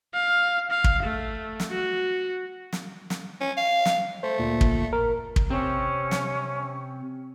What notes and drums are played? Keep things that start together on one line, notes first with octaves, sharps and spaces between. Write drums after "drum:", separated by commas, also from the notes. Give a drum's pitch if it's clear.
F5
F5
drum: kick
A3
drum: snare
F#4
drum: snare
drum: snare
C#4
F5
drum: snare
A3 C5
D2 A#2
drum: kick
A#4
drum: kick
C3 C4 C#4
drum: snare